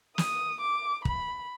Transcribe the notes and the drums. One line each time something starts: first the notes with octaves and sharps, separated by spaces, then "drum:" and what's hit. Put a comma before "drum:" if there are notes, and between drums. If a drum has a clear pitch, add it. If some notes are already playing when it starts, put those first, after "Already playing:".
D#6, drum: snare
D6
B5, drum: kick